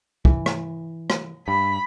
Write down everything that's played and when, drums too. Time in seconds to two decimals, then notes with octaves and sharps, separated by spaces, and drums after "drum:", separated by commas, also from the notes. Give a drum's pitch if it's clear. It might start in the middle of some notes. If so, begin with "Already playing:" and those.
0.25 E3, drum: kick
0.46 drum: rim click
1.10 drum: rim click
1.48 G2 B5